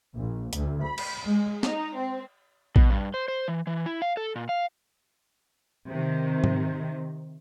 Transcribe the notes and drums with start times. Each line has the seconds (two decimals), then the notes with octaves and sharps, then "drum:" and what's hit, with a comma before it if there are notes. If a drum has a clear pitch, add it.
0.15 A#1
0.53 D2, drum: hi-hat
0.83 B5
0.98 drum: cymbal
1.25 G#3
1.63 D#4, drum: snare
1.97 C4
2.76 B2, drum: kick A#1
2.90 G2
3.14 C5
3.28 C5
3.48 E3
3.67 E3
3.86 E4
4.02 F5
4.17 A4
4.36 A#2
4.49 F5
5.90 C3 D#3
6.44 drum: tom G#2